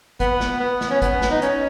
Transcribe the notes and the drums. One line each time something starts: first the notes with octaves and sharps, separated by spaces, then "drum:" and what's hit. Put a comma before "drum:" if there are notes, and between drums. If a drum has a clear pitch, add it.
B3, drum: kick, hi-hat
drum: snare
B3
drum: snare
C#4
B3, drum: kick, hi-hat
drum: snare
D#4
C#4, drum: hi-hat